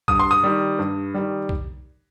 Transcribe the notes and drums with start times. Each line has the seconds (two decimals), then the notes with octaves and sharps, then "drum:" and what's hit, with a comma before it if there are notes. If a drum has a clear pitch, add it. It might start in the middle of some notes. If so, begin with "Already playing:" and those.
0.08 G2 D#6, drum: kick
0.19 C6
0.31 D#6
0.44 D#3 G3
0.79 G2
1.14 D#3 G3
1.49 drum: kick